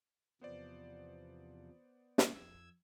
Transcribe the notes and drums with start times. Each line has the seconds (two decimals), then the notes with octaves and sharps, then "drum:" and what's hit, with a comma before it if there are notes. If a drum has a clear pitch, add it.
0.41 E2 C3 F3 B3 C5 D5
2.18 drum: snare
2.33 F2 E6 G#6